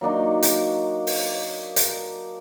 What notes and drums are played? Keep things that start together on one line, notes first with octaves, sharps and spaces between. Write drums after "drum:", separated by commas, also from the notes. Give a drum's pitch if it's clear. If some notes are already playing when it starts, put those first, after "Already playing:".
F#3 A#3 D4 D#4
drum: hi-hat
drum: open hi-hat
drum: hi-hat